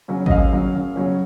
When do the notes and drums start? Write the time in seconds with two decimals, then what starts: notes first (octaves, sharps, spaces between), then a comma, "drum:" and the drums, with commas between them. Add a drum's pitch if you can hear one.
0.08 C#3 F#3 C#4
0.26 D#5, drum: kick
0.30 F#2 F5
0.52 C#3 F#3 C#4
0.75 F#2
0.96 C#3 F#3 C#4